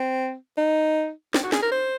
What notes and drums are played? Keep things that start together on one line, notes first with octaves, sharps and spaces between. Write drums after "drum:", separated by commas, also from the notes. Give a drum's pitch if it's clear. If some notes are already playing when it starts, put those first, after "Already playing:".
Already playing: C4
D#4
C4, drum: snare
F#4
G#4, drum: snare
A#4
C5